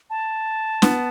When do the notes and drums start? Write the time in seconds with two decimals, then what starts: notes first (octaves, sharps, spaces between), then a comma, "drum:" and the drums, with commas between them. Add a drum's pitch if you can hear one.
0.10 A5
0.82 B3, drum: snare